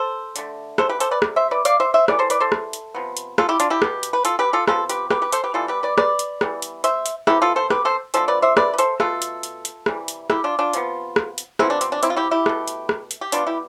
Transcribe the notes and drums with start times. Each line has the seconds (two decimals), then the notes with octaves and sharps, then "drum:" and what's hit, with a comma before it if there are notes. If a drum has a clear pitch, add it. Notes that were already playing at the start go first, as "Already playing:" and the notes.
Already playing: A4 C5
0.36 D3 A3, drum: hi-hat
0.78 A4 C5, drum: rim click
0.89 G4 B4
1.00 A4 C5, drum: hi-hat
1.11 B4 D5
1.22 C3 G3, drum: rim click
1.36 C5 E5
1.51 B4 D5
1.65 D5 F5, drum: hi-hat
1.80 C5 E5
1.94 C5 E5
2.08 E3 G3 B3 B4 D5, drum: rim click
2.19 A4 C5
2.30 B4 D5, drum: hi-hat
2.40 A4 C5
2.52 drum: rim click
2.73 drum: hi-hat
2.95 C3 F3 B3
3.17 drum: hi-hat
3.38 F4 A4, drum: rim click
3.49 E4 G4
3.60 D4 F4, drum: hi-hat
3.70 E4 G4
3.82 B2 B3, drum: rim click
4.03 drum: hi-hat
4.13 B4
4.25 F4 A4, drum: hi-hat
4.39 G4 B4
4.53 F4 A4
4.68 C3 F3 B3 F4 A4, drum: rim click
4.89 G4 B4, drum: hi-hat
5.11 G4 B4, drum: rim click
5.22 G4 B4
5.32 A4 C5, drum: hi-hat
5.44 G4 B4
5.54 E3 G3 B3 F4 A4
5.68 G4 B4
5.83 B4 D5
5.98 B4 D5, drum: rim click
6.19 drum: hi-hat
6.41 E3 G3 B3, drum: rim click
6.62 drum: hi-hat
6.84 C5 E5, drum: hi-hat
7.06 drum: hi-hat
7.27 C3 E3 B3 E4 G4, drum: rim click
7.42 F4 A4
7.56 A4 C5
7.70 G4 B4, drum: rim click
7.85 A4 C5
8.14 D3 F3 A3 A4 C5, drum: hi-hat
8.28 B4 D5
8.42 C5 E5
8.57 B4 D5, drum: rim click
8.74 B4
8.78 A4 C5, drum: hi-hat
9.00 B2 A3 F4 A4, drum: rim click
9.22 drum: hi-hat
9.43 drum: hi-hat
9.65 drum: hi-hat
9.86 C3 E3 G3, drum: rim click
10.08 drum: hi-hat
10.30 E4 G4, drum: rim click
10.44 D4 F4
10.59 D4 F4
10.73 C3 F3 B3, drum: hi-hat
11.16 drum: rim click
11.38 drum: hi-hat
11.59 C3 F3 B3 C4 E4, drum: rim click
11.70 D4
11.81 C4, drum: hi-hat
11.92 D4
12.03 C4 E4, drum: hi-hat
12.10 F4
12.16 E4 G4
12.31 E4 G4
12.46 B2 A3, drum: rim click
12.68 drum: hi-hat
12.89 drum: rim click
13.11 drum: hi-hat
13.21 G4
13.32 B2 G3 B3 D4 F4, drum: hi-hat
13.46 E4 G4